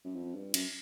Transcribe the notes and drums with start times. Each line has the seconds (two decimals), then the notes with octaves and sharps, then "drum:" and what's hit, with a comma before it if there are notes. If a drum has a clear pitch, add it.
0.05 F#2
0.15 F2
0.35 G2
0.54 F#2, drum: cymbal